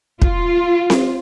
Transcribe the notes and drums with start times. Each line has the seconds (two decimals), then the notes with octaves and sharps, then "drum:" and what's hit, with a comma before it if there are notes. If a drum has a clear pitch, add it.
0.22 F4, drum: kick
0.90 drum: snare C4